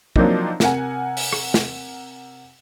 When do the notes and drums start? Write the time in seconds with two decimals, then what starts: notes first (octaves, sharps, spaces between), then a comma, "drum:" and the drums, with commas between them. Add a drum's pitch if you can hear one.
0.16 F3 F#3 A#3 C4 D4 D#4, drum: kick
0.60 C3 A#4 F#5 G#5, drum: snare
1.17 drum: open hi-hat
1.33 drum: rim click
1.54 drum: snare